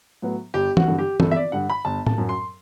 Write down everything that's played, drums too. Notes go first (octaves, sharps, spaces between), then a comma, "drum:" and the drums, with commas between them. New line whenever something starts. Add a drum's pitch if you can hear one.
A2 F#3 B3
G1 G4
F#4, drum: tom E3
G2 D3
G4
G1 A4, drum: tom E3
E5
D5
G2 D3 F#5
B5
G1 A5
A5, drum: tom A2
F#2 F#3
C6